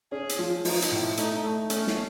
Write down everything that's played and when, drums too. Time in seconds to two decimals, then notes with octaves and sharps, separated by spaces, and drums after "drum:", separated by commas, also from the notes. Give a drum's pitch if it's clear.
0.12 C#4 G#4
0.29 drum: hi-hat
0.39 F3
0.65 F3 D#4, drum: open hi-hat
0.82 drum: hi-hat
0.92 A2
1.17 A3 D#4, drum: hi-hat
1.44 A3
1.70 A3 C#4, drum: hi-hat
1.88 drum: snare